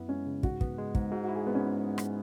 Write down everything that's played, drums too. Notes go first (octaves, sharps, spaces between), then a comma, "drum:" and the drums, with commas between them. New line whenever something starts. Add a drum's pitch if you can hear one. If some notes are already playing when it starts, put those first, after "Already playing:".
Already playing: F#2 B3 E4
G#3 C#4
C#3
G#2 F#4, drum: kick
B3, drum: kick
G#3
G#2, drum: kick
G#2 F#4
F#4
E4
G#4
G#3 B3
C#4
drum: rim click